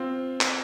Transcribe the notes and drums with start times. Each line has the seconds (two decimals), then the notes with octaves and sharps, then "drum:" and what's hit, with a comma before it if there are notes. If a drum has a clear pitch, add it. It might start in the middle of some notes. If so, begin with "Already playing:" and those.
Already playing: C4 F4
0.41 drum: clap